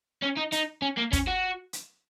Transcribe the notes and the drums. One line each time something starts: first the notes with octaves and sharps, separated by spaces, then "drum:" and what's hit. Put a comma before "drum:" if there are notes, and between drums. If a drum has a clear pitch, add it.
C#4
D#4
D#4, drum: hi-hat
C#4
A#3
C#4, drum: kick, hi-hat
F#4
drum: hi-hat